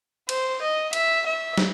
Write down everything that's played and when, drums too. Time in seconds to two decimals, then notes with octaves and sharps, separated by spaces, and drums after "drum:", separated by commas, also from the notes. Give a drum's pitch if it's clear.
0.29 C5, drum: cymbal
0.61 D#5
0.93 E5, drum: cymbal
1.26 E5
1.58 drum: snare